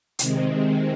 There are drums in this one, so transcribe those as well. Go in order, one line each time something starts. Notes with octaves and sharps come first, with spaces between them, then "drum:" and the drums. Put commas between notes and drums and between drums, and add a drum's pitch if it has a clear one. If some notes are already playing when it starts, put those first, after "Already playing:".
C3 D#3 G#3 C4, drum: hi-hat